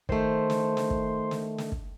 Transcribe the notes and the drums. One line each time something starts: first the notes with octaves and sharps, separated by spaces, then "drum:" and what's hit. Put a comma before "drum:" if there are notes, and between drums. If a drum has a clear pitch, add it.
D#3 A3 C5, drum: kick
drum: snare
drum: snare
drum: kick
drum: snare
drum: snare
drum: kick